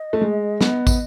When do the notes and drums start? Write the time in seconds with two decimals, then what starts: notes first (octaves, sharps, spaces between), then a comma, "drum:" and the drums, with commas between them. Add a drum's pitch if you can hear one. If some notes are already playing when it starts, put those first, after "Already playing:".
Already playing: D#5
0.13 A3
0.21 G#3
0.61 B3, drum: snare
0.87 drum: kick, tambourine